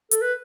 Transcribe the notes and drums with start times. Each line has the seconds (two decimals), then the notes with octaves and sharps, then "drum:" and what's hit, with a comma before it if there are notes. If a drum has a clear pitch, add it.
0.11 A4, drum: hi-hat
0.21 B4